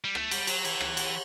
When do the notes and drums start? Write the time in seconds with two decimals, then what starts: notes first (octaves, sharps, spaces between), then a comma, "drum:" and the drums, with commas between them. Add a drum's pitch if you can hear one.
0.04 G3
0.15 A3, drum: rim click
0.31 G3, drum: cymbal
0.47 F#3, drum: cymbal
0.65 E3, drum: cymbal
0.81 drum: rim click
0.97 drum: cymbal